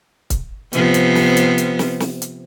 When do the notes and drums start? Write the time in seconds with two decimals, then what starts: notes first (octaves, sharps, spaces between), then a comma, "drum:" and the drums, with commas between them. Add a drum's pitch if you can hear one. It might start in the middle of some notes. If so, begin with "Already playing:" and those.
0.30 drum: kick C#1, hi-hat
0.73 C3 F3 B3, drum: hi-hat
0.94 drum: hi-hat
1.15 drum: snare
1.37 drum: hi-hat
1.58 drum: hi-hat
1.79 drum: snare
2.00 drum: snare
2.22 drum: hi-hat